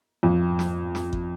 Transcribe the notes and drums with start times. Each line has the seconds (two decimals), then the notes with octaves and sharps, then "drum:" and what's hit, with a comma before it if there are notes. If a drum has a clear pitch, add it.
0.23 F2
0.59 drum: snare
0.95 drum: snare
1.13 drum: kick G1